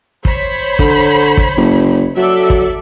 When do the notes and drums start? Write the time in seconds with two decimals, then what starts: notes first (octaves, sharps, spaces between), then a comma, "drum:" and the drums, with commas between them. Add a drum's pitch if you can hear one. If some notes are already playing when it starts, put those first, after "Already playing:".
0.25 C5 C#5 B5, drum: kick
0.79 D3, drum: kick
1.37 drum: kick
1.57 F#1
2.17 F#3 A4 D5 E5
2.50 drum: kick